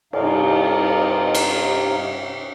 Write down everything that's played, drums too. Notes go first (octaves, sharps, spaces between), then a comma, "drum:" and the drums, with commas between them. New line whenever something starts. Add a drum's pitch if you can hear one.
G2 C3 D#4 F5, drum: cymbal
drum: cymbal